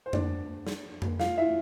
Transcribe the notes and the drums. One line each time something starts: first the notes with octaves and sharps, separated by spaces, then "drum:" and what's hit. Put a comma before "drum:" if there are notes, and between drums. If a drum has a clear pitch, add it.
C5
D4 D5, drum: tom F2
drum: snare
drum: tom F2
F4 F5, drum: snare
E4 E5